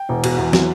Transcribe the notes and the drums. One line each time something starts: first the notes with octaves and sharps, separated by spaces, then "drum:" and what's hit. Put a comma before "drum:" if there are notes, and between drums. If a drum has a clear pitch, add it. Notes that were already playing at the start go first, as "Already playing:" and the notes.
Already playing: G5
E1
B2, drum: cymbal
E2
F#3, drum: snare